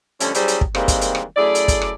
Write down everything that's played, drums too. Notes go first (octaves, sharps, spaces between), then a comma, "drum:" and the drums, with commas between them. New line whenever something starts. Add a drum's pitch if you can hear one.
D3 F3 G3 A3 C#4, drum: hi-hat
F#3 G3 C#4 E4 G#4 C5, drum: hi-hat
drum: hi-hat
drum: kick
D#3 E3 G3 G#3 A#3 C4, drum: rim click
drum: kick, hi-hat
drum: hi-hat
drum: rim click
F#2 A3 E4 G#4 D5
drum: hi-hat
drum: kick, hi-hat
drum: rim click